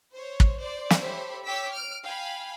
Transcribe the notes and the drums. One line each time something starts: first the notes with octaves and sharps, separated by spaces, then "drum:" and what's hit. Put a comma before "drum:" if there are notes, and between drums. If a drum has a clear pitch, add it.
C5 C#5
drum: kick
C5 D5
drum: snare
G4 A4 C5 C#5 E5 B5
C#5 G5 D6 E6 B6
F6 D7
F5 G5 G#5 B5